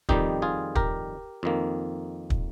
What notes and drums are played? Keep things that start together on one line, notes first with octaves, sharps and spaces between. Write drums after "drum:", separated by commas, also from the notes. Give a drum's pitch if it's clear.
F2 D#3 G3 D#4 G4, drum: kick
F4 G#4
G4 A#4, drum: kick
F2 D#3 A#3
drum: kick